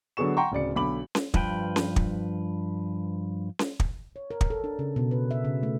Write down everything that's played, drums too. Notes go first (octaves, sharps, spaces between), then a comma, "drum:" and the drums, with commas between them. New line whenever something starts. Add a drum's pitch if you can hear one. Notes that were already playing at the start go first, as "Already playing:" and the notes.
D3 F#3 B3 G#4 C#6 E7
F#5 G5 A#5 C6 C#6
D1 C#3 D5 C#7
B1 D3 B5 D6 F#7
drum: snare C#4
G2 F3 B4 G5, drum: kick
drum: snare C#4
drum: kick
drum: snare C#4
drum: kick
C#5
A#4
drum: kick
A4
D4
C#3
B2
B4
E5
C#3
A3